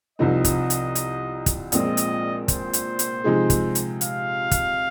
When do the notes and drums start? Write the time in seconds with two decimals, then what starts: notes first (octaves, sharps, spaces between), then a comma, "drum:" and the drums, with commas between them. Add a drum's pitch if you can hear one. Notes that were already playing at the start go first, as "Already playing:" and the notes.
0.19 C2 C3 F3 C4 D#4 D#5
0.45 drum: kick, hi-hat
0.70 drum: hi-hat
0.95 drum: hi-hat
1.46 drum: kick, hi-hat
1.72 A#1 A#2 F3 G#3 C4 D#5, drum: hi-hat
1.97 drum: hi-hat
2.48 C5, drum: kick, hi-hat
2.73 drum: hi-hat
2.99 drum: hi-hat
3.24 C3 F3 G#3 D#4 G#4
3.50 drum: kick, hi-hat
3.75 drum: hi-hat
4.01 F5, drum: hi-hat
4.51 drum: kick, hi-hat